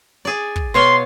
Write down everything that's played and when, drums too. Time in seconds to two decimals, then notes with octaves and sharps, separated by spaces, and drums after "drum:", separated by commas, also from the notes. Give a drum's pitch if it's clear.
0.25 G#4 D5
0.56 drum: kick
0.74 B2 C#5 F5 C6